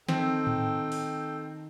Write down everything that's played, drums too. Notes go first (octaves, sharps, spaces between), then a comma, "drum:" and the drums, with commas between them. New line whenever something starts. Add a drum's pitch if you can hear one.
D#3 C4 A4 G5, drum: snare
drum: tom A2
drum: open hi-hat